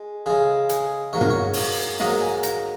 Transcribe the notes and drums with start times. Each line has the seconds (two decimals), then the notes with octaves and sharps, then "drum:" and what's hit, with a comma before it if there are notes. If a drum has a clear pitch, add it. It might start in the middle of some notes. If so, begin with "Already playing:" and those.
Already playing: G#3
0.26 C#3 G#3 G#4
0.69 G#4, drum: hi-hat
1.13 G#2 F#3 A#3 C#5
1.21 A#4, drum: tom G2
1.30 C#5
1.53 drum: open hi-hat
2.00 G#2 F#3 A#3 D#5, drum: snare
2.22 G#5
2.43 A#5, drum: hi-hat